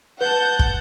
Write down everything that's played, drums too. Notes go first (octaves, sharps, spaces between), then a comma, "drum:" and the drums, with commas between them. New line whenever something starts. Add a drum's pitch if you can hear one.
B4 F#5 A5 G6
drum: kick